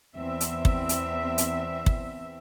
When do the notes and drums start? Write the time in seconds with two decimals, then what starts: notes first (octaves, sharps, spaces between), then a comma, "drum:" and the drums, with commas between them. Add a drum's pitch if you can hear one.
0.16 E2 C4 E5
0.41 drum: hi-hat
0.65 drum: kick
0.89 drum: hi-hat
1.38 drum: hi-hat
1.86 drum: kick